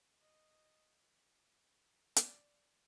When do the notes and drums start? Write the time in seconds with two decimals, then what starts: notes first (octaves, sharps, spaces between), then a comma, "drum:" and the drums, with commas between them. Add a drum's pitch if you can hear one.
0.21 D#5
2.16 D5, drum: hi-hat